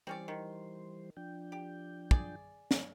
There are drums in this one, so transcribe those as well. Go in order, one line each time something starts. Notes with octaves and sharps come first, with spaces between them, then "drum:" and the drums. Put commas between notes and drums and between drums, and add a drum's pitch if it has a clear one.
E3 G3 C4 C#4 C5 D5
D#3
F3 D4 G5
G4
G#4 D5, drum: kick
drum: snare